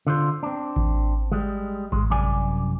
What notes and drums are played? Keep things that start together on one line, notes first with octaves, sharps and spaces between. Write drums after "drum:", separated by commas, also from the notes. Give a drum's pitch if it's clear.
D3 F4 C5
C4 D4
drum: kick A1
G3 G#3
G#2 G#3, drum: kick A1
C2 F#2 D5 G#5